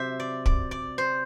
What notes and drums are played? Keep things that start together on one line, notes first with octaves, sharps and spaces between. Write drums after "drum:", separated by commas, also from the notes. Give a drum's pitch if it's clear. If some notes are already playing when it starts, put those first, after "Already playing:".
Already playing: C3 F#3 G4 C5 E5
D5
D5, drum: kick
D5
C5